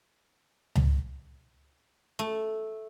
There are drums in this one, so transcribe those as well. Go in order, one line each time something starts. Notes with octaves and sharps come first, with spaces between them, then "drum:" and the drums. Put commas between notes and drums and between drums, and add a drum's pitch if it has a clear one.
drum: tom C#2
A3